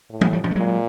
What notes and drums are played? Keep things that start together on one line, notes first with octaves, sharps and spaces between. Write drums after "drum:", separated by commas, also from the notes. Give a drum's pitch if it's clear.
A2
F#3 G#3, drum: tom
F3 G3
F3 G3, drum: tom
A3
A#2 F#3 G#3